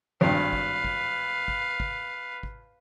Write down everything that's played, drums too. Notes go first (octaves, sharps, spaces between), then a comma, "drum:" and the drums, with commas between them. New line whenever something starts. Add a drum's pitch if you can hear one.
G#1 G2 B4 F5
drum: kick
drum: kick
drum: kick
drum: kick
drum: kick